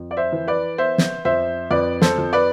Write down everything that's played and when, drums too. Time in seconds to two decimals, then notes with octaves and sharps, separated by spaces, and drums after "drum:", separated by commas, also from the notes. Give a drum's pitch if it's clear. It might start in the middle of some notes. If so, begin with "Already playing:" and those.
Already playing: F2
0.11 D5
0.17 C5 E5
0.32 E3
0.48 B4 D5
0.78 B3 C5 E5
0.98 drum: snare
1.25 F2 C5 E5
1.71 F2 B4 D5
2.02 A4 C5, drum: snare
2.18 F2
2.33 B4 D5